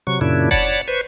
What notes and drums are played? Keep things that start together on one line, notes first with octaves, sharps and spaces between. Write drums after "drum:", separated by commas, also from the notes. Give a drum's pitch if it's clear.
C3 F#3 C#6
F#2 A#2 C#3 D4 E4
C#5 D5 F#5 A5 B5, drum: kick F1
B4 C5 C#6